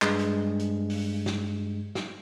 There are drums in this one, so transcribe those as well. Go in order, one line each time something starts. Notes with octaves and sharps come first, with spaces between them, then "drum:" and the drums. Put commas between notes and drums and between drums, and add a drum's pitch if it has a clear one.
G2 G#3, drum: clap
drum: hi-hat
drum: hi-hat
drum: open hi-hat
drum: snare
drum: snare